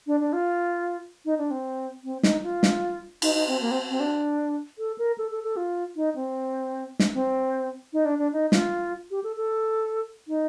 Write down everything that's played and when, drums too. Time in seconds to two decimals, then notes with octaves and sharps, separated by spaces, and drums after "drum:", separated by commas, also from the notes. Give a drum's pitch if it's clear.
0.07 D4
0.20 D4
0.33 F4
1.25 D#4
1.38 D4
1.51 C4
2.04 C4
2.23 D#4, drum: snare
2.43 F4
2.63 drum: snare
3.22 D#4, drum: cymbal
3.35 D#4
3.48 C4
3.61 A#3
3.71 C4
3.90 C4
4.00 D4
4.79 A4
4.98 A#4
5.18 A4
5.31 A4
5.44 A4
5.57 F4
5.96 D#4
6.16 C4
6.99 drum: snare
7.14 C4
7.93 D#4
8.05 D4
8.19 D4
8.33 D#4
8.52 F4, drum: snare
9.11 G4
9.24 A4
9.36 A4
10.28 D#4